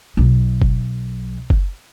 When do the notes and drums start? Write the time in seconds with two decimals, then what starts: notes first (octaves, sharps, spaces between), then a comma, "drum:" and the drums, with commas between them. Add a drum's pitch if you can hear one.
0.17 B1 F#3
0.62 drum: kick F#1
1.50 drum: kick F#1